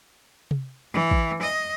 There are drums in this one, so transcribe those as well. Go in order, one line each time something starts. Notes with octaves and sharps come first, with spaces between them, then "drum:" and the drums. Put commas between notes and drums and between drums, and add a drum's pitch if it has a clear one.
drum: tom C3
E3
drum: kick
D#5